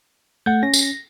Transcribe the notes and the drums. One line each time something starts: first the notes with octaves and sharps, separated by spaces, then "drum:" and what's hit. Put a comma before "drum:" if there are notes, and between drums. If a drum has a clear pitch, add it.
A3 F#5 G6
C#4 A#6
drum: tambourine